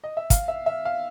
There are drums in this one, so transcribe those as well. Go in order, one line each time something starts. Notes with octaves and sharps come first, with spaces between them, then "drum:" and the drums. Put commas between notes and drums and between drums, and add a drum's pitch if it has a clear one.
D#5
E5
F5, drum: kick, hi-hat
E5
E5
F5